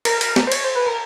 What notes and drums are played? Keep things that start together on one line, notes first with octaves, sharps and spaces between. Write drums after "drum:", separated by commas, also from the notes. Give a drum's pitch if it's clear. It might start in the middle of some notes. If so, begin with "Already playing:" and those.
A#4, drum: cymbal
A#4, drum: cymbal
drum: snare
C5
C#5, drum: cymbal
C5
B4
A#4